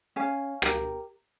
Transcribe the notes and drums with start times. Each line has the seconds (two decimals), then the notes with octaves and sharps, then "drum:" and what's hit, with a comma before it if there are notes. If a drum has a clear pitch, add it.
0.16 C#4 F5 G#5
0.62 G4 A#4, drum: rim click